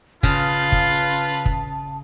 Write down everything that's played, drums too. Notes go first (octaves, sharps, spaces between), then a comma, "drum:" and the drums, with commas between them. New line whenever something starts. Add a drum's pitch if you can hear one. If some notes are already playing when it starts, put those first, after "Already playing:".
C#3 F4 B4 A5, drum: kick
drum: kick
drum: kick